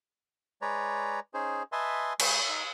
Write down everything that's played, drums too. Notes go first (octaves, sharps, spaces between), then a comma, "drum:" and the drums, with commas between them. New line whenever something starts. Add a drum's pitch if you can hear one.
G#3 B4 C#5 D5 A#5
C#4 D#4 G#4 C5
B4 D#5 E5 G#5 A5 C6
G#3 B4 G5 C#6, drum: cymbal
D#4